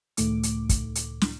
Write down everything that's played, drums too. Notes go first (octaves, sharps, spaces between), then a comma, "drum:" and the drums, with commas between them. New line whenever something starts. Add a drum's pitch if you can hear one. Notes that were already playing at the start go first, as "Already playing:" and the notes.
C#2 A2 D#3 A3 D6, drum: hi-hat
drum: hi-hat
drum: kick, hi-hat
drum: hi-hat
drum: snare